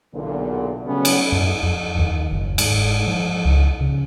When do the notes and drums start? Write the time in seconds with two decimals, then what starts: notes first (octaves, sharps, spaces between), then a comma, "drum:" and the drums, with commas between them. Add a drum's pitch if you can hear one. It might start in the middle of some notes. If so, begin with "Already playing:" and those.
0.14 B1 E2 A#2 D3
0.85 C#3 F#3 G3 A3 B3 C#4
1.05 drum: cymbal
1.32 F#2
1.63 F2
1.99 D#2
2.31 F#1
2.58 G#2, drum: cymbal
3.07 F3
3.45 C#2
3.81 C#3